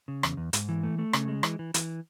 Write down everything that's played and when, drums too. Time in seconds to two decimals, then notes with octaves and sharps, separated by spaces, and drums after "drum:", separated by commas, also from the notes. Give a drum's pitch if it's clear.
0.08 C#3
0.23 E2, drum: rim click
0.37 E2
0.53 G#2, drum: hi-hat
0.69 E3
0.84 A3
0.98 A3
1.13 C#3, drum: rim click
1.28 G#3
1.43 E3, drum: rim click
1.59 E3
1.74 E3, drum: hi-hat